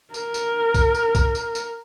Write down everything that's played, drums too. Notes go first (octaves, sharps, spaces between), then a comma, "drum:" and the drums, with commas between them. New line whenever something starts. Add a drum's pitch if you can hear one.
A#4, drum: tambourine
drum: tambourine
drum: kick, tambourine
drum: tambourine
drum: kick, tambourine
drum: tambourine
drum: tambourine